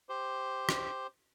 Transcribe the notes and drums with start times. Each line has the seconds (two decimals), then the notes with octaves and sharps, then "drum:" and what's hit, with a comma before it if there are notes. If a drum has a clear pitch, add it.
0.09 G4 C5
0.69 drum: rim click